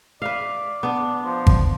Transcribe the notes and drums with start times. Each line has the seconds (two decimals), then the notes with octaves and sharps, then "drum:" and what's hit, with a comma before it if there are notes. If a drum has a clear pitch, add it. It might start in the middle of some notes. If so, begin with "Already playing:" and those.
0.22 B4 D5 E5 F5
0.83 B3 D4
1.24 F3
1.47 drum: kick G#1